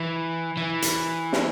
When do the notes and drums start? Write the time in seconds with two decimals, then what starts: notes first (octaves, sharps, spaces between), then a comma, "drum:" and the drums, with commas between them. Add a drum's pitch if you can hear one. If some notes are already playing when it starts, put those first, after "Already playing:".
Already playing: E3
0.57 E3
0.82 drum: hi-hat
1.33 drum: snare